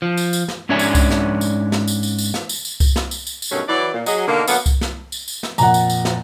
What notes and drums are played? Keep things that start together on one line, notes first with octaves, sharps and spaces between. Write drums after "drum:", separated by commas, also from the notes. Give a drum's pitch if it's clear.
F3
drum: tambourine
drum: tambourine
drum: snare
G#2 C#4 D4 C#5 E5 G#5
drum: tambourine
drum: kick C2, tambourine
drum: snare
drum: tambourine
drum: snare
drum: tambourine
drum: tambourine
drum: tambourine
drum: snare
drum: tambourine
drum: tambourine
drum: kick C2, tambourine
drum: snare
drum: tambourine
drum: tambourine
drum: tambourine
G2 B2 D#3 F#3 A3 C#4
E3 F#3 D5
A#2
F#3 G#4 D#5, drum: tambourine
B2 D3 D#3 A#3
D3 F#3 A#3 B3, drum: tambourine
drum: kick C2, tambourine
drum: snare
drum: tambourine
drum: tambourine
drum: snare
F2 A#2 F#5 A#5, drum: tambourine
drum: tambourine
drum: tambourine
drum: snare